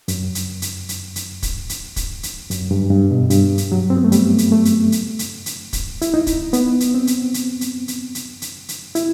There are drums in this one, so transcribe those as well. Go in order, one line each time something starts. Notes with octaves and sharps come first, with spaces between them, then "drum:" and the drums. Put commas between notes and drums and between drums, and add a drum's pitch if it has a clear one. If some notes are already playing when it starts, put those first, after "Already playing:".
F#2, drum: hi-hat
drum: hi-hat
drum: hi-hat
drum: hi-hat
drum: hi-hat
drum: kick, hi-hat
drum: hi-hat
drum: kick, hi-hat
drum: hi-hat
F#2, drum: hi-hat
G2
G2
B2
G2, drum: hi-hat
drum: hi-hat
F#3
C4
B3
A3
G3, drum: hi-hat
drum: hi-hat
A3
drum: hi-hat
drum: hi-hat
drum: hi-hat
drum: hi-hat
drum: kick, hi-hat
E4, drum: hi-hat
D#4
drum: kick, hi-hat
B3, drum: hi-hat
drum: hi-hat
C4
drum: hi-hat
drum: hi-hat
drum: hi-hat
drum: hi-hat
drum: hi-hat
drum: hi-hat
drum: hi-hat
E4, drum: hi-hat